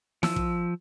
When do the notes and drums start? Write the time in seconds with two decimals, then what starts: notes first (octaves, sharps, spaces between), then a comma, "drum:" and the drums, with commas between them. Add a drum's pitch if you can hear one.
0.23 F3 E6, drum: snare
0.36 drum: kick